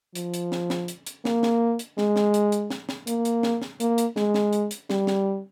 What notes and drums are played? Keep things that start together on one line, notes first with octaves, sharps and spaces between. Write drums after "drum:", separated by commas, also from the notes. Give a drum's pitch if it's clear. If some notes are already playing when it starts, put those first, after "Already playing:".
F3, drum: hi-hat
drum: hi-hat
drum: snare
drum: snare
drum: hi-hat
drum: hi-hat
A#3, drum: snare
drum: snare
drum: hi-hat
G#3, drum: snare
drum: snare
drum: hi-hat
drum: hi-hat
drum: snare
drum: snare
A#3, drum: hi-hat
drum: hi-hat
drum: snare
drum: snare
A#3, drum: hi-hat
drum: hi-hat
G#3, drum: snare
drum: snare
drum: hi-hat
drum: hi-hat
G3, drum: snare
drum: snare